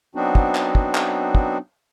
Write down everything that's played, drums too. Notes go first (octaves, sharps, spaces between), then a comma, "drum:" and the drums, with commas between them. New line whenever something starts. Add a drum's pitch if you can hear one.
F#3 B3 C4 D4 D#4 F#4
drum: kick
drum: clap
drum: kick
drum: clap
drum: kick